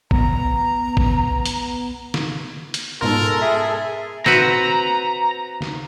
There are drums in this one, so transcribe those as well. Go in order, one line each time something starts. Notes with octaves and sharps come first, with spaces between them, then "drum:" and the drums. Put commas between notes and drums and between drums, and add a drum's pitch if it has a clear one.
B3 A#5, drum: kick G#1
drum: kick G#1
drum: hi-hat
drum: snare
drum: hi-hat
G#2 B2 G#3 F4 A4 A#4
G#4 E5
C4 F#4 B4 A#5, drum: snare
drum: snare